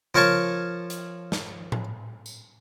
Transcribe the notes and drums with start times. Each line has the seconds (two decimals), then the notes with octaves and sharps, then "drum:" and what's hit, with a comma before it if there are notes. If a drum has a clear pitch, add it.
0.15 F3 A#4 C#5 A5 C#6, drum: tom C#3
0.90 drum: hi-hat
1.32 drum: snare
1.72 drum: tom A2
2.26 drum: tambourine